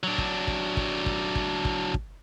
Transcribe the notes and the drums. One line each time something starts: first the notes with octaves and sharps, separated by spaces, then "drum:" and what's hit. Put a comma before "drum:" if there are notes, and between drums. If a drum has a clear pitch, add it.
F#3 D4
drum: kick
drum: kick
drum: kick
drum: kick
drum: kick
drum: kick
drum: kick